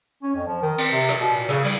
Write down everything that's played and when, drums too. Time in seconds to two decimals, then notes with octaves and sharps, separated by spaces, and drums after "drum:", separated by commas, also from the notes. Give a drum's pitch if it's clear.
0.23 C#4
0.35 F2
0.47 F3
0.62 D#3
0.78 C4, drum: cymbal
0.92 C3
1.09 drum: rim click
1.19 B2
1.33 A#2
1.49 C#3, drum: rim click
1.64 G3, drum: cymbal